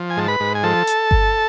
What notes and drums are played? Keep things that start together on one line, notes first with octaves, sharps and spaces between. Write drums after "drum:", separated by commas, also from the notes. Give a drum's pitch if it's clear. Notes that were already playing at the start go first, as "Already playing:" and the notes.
Already playing: F3
G#5
G#2 A5
B4 B5
G#2
G#5
F3 A4 A5
drum: hi-hat
drum: kick G1